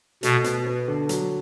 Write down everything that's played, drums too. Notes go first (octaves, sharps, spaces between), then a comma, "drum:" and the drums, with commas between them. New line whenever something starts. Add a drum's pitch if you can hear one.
B2 A3, drum: hi-hat
B2, drum: hi-hat
B3
D3
F#3, drum: hi-hat